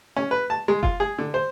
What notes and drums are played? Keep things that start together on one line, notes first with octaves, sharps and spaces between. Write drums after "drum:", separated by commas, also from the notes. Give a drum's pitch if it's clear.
C#4
B4
A5
G#3
F4, drum: kick F#1
G#4
D3
C5